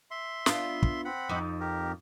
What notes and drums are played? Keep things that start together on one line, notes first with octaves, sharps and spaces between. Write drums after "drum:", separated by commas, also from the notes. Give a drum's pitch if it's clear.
E5 C6
B3 D4 F4, drum: snare
drum: kick
C4 F#5 B5
F2 D#4
G4 A#4